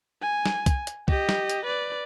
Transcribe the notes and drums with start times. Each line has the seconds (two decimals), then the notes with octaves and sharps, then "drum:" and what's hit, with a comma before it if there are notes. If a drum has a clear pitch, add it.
0.21 G#5
0.46 drum: snare
0.66 drum: kick, hi-hat
0.87 drum: hi-hat
1.08 G4 D#5, drum: kick
1.29 drum: snare
1.50 drum: hi-hat
1.66 B4 D5